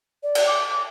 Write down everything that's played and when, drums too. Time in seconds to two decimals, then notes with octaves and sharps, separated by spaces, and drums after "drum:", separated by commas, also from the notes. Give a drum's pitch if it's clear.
0.23 D5
0.35 drum: cymbal
0.47 D6